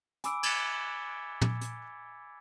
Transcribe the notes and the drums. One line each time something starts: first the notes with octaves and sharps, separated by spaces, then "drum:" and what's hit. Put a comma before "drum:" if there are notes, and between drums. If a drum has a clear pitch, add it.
G#5 B5 D6 E6 D7, drum: hi-hat
D6 G#6 A6 B6 C#7, drum: cymbal
drum: tom
drum: hi-hat